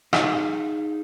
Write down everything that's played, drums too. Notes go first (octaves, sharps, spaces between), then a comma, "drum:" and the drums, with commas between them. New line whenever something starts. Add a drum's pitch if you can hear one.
D#4 G#4 F5, drum: rim click